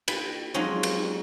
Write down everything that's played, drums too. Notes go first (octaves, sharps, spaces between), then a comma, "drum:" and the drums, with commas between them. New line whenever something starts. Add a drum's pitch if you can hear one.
G5 G#5 B5, drum: cymbal
F3 F#3 G#3 C4 C#4 D#4
drum: cymbal